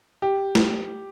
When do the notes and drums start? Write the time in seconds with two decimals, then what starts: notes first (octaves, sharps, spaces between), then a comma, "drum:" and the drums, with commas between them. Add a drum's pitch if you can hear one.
0.22 G4
0.55 drum: snare